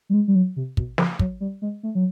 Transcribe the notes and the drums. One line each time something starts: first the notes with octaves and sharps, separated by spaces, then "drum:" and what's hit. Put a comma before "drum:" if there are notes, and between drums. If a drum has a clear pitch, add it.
G3
G#3
G3
F#3
C3
B2, drum: kick
F3, drum: snare
F#3, drum: kick
G3
G#3
A3
F#3